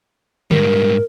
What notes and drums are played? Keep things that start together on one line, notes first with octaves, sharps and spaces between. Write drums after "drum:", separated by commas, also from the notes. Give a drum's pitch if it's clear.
G#2 G3 A#4, drum: tom D3